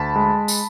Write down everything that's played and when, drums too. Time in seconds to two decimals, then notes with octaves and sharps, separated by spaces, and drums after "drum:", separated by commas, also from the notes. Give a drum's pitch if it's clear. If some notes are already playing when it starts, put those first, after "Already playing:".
Already playing: D2 A5 B5
0.16 G#3
0.48 drum: tambourine